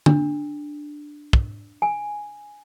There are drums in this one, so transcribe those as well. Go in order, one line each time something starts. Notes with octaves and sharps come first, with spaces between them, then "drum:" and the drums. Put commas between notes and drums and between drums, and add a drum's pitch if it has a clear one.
D4, drum: tom D3
drum: kick
G#5